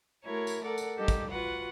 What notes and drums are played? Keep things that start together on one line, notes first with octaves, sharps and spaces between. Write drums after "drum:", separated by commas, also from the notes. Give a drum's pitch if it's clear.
A3 E4 F#4 A#4 C#5
drum: tambourine
A4 A#4 D5 F#5
drum: tambourine
G3 D#4 G4 A4
drum: kick, tambourine
F4 F#4 B4 F#5